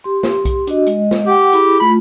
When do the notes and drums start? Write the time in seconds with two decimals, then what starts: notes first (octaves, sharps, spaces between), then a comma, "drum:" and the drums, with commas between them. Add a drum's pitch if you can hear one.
0.04 G4 C6
0.23 drum: snare
0.45 drum: kick B1, hi-hat
0.67 D4 F#4 D#5, drum: hi-hat
0.86 G#3 D#5, drum: hi-hat
1.11 drum: snare
1.27 G4 F#5 G5
1.53 E4 G#4 B5, drum: hi-hat
1.80 A3 F4 B5